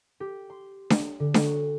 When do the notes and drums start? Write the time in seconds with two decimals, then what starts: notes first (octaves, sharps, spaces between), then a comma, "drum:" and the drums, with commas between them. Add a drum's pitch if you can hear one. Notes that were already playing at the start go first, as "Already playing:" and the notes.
0.20 G4
0.50 C6
0.90 drum: snare D4
1.20 D3
1.34 drum: snare D4
1.44 F#4